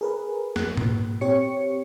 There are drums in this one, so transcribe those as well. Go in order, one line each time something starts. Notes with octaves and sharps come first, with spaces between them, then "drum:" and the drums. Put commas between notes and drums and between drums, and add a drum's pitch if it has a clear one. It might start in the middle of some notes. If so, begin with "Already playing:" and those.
G#4 A#4 B4
F2 F#6, drum: snare
A#2, drum: tom G#2
C4 G4 C#5 C#7